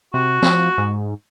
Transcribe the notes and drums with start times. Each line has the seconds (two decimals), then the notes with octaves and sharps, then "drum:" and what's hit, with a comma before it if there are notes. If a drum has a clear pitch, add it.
0.14 C3 F#4
0.42 F3, drum: snare
0.78 G#2